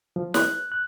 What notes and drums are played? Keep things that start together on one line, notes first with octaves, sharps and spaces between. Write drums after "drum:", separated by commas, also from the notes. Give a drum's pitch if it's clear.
F3
F#6, drum: snare
F#6